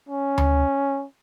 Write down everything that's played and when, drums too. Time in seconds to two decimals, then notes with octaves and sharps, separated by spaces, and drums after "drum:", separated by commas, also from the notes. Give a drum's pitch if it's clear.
0.09 C#4
0.38 drum: tom D2